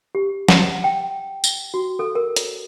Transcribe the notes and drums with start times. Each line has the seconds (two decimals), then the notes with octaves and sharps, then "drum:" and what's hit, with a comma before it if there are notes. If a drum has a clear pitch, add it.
0.15 G4
0.49 F#5, drum: snare
0.84 G5
1.44 drum: tambourine
1.74 F#4
1.99 A4
2.15 A#4
2.36 drum: hi-hat